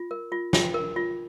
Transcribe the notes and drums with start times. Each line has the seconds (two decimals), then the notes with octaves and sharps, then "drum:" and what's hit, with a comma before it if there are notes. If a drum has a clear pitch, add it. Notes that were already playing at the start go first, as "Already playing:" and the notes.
Already playing: F4
0.11 A#4
0.32 F4
0.53 F4 G5, drum: snare
0.74 A#4
0.96 F4